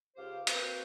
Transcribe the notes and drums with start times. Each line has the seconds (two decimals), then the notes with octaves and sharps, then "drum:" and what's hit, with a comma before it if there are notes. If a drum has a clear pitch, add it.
0.16 C#2 G4 C5 F5
0.47 A#3 C4 F#4 B4 C5, drum: hi-hat